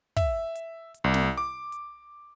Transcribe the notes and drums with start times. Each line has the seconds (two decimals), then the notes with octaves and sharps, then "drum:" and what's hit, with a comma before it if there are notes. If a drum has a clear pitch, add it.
0.17 E5, drum: kick, open hi-hat
0.55 drum: hi-hat
0.94 drum: hi-hat
1.04 C2
1.14 drum: snare
1.37 D6
1.72 drum: hi-hat